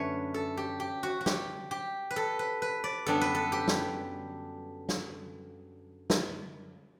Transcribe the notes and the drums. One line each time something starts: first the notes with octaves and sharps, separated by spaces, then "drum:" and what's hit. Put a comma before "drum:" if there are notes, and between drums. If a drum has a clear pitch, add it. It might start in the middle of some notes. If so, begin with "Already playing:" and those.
Already playing: F#2 D3 A3 C#4 E4 B4 C#5
A4
G4
G4
F#4
F#4
G4, drum: snare
G4
B4
A4
B4
B4
D5
F#2 D3 G3 B3 D4 A4
B4
A4
G4
drum: snare
drum: snare
drum: snare